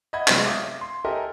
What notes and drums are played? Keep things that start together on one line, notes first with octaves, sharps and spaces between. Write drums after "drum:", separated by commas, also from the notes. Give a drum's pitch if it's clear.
D#5 E5 F#5 B5 G#6
C3 F#3 G#3 B3 C4 D4, drum: clap
E5 F5 D6 D#6
C6
G4 A4 A#4 D#5 E5 G#5